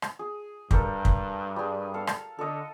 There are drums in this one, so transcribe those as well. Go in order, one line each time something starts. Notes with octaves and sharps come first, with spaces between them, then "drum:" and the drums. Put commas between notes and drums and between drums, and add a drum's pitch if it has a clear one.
drum: rim click
G#4
G2 G4 A4 A#4, drum: kick
drum: kick
G3 G#4
A4 F5
drum: rim click
D3 A4 D#5